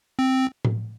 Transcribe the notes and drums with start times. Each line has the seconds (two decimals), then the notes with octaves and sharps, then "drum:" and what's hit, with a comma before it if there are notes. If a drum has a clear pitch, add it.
0.19 C4
0.65 drum: tom A2